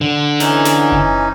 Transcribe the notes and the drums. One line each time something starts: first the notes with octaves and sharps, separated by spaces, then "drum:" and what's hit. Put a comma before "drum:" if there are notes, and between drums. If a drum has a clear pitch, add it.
D3
E3 C#4 D#4, drum: snare
drum: snare
drum: kick F#1